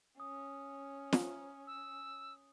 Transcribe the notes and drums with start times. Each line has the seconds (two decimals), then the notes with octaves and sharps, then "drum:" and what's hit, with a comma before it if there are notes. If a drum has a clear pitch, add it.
0.20 C#4 D#6
1.13 drum: snare
1.67 E6